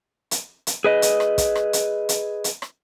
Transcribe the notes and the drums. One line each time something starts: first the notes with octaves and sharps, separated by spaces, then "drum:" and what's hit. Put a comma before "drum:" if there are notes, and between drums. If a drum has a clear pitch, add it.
drum: hi-hat
drum: hi-hat
G#4 B4 D#5
drum: hi-hat
drum: rim click
drum: kick, hi-hat
drum: rim click
drum: hi-hat
drum: hi-hat
drum: hi-hat
drum: rim click